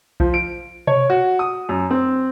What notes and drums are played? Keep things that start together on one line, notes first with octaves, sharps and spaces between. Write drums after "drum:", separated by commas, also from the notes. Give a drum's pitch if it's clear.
F3, drum: kick B1
D7
C#5, drum: tom B2
F#4
D#6
F#2
C4